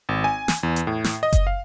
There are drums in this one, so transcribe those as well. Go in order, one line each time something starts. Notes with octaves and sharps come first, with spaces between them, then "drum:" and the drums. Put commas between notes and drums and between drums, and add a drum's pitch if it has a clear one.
G#1
G#5
drum: snare
E2
drum: hi-hat
A2
drum: snare
D#5
drum: kick F#1, hi-hat
F5